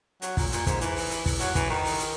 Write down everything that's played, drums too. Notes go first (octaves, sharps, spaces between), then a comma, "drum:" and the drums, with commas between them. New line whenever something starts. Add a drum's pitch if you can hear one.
F#3, drum: hi-hat
A#2, drum: kick, open hi-hat
A#2, drum: hi-hat
G#2, drum: kick, hi-hat
E3, drum: hi-hat
drum: open hi-hat
drum: hi-hat
drum: kick, open hi-hat
F#3, drum: hi-hat
E3, drum: kick, hi-hat
D#3
drum: open hi-hat
drum: hi-hat